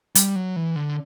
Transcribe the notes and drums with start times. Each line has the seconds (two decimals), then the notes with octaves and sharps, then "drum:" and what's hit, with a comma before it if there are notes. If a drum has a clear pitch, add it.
0.15 G3, drum: hi-hat
0.35 F#3
0.56 E3
0.76 D3